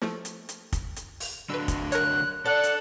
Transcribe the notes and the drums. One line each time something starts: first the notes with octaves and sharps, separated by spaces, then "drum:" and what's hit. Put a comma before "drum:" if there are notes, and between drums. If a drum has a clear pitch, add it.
F3 A3, drum: snare
drum: hi-hat
drum: hi-hat
drum: kick, hi-hat
drum: hi-hat
drum: open hi-hat
D3 F#3 D4 B4 E6
drum: kick, hi-hat
A#4 C#5 F#6, drum: hi-hat
D4 A4 F#5
drum: hi-hat